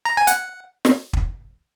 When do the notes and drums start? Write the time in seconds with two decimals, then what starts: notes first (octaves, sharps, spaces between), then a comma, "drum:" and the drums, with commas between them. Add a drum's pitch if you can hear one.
0.05 A#5
0.17 G#5
0.27 F#5, drum: hi-hat
0.85 drum: snare
1.13 drum: kick